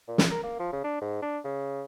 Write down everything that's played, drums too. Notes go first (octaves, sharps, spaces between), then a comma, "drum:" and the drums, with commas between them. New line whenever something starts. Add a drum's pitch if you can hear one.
A#2
drum: snare
A#4
A#3
F3
C#3
D4
G#2
D4
C#3